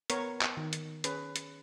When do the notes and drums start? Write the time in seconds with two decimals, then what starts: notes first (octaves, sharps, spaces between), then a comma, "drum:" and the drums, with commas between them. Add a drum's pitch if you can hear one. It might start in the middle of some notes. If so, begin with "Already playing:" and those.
0.10 B3 A#4 C#5, drum: hi-hat
0.41 drum: clap
0.57 D#3
0.73 drum: hi-hat
1.04 C#4 G#4 B4, drum: hi-hat
1.36 drum: hi-hat